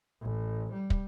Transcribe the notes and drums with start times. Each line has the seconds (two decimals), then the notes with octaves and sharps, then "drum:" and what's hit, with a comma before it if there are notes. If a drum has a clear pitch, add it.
0.21 A1
0.73 G3
0.90 drum: kick